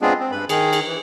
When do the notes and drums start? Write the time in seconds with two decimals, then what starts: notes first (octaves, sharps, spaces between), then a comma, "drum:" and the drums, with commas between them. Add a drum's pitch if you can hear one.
0.02 G#3 B3 C4 D4 F4 G#4
0.20 C4
0.32 G2 B4 B5
0.49 D#3 G#4, drum: cymbal
0.73 drum: cymbal
0.87 E3